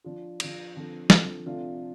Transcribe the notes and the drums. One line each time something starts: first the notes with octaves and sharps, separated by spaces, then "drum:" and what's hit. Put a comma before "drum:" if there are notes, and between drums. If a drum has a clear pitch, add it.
F3 D4 F4
F3 D4 F4, drum: cymbal
D3 F3 C4
D3 F3 C4, drum: snare
C3 F3 A3 D4 F4